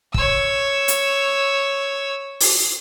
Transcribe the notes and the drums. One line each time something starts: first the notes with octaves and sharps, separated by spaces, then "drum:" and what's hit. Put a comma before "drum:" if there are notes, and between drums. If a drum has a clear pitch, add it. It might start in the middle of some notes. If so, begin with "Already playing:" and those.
C#5 E6, drum: kick
drum: hi-hat
drum: open hi-hat